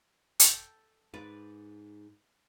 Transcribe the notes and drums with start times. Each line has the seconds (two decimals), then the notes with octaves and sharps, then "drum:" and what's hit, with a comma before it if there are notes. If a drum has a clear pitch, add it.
0.40 A4 G5, drum: hi-hat
1.14 G#2 B4 D5